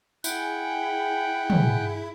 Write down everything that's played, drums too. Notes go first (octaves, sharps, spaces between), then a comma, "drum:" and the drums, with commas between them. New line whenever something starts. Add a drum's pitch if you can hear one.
E4 G#4 F#5 G5, drum: tambourine
drum: tom